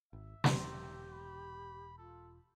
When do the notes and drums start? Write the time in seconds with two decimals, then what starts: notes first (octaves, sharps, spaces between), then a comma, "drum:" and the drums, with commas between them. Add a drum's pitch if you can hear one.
0.13 G#1 E5
0.44 E1 C4 G4 A#5, drum: snare
1.12 B5
1.98 F4 A4